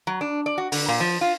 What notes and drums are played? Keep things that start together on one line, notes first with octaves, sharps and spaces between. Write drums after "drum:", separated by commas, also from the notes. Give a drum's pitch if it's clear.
F#3
D4
D5
F#4
D3, drum: open hi-hat
A#2
F3
F4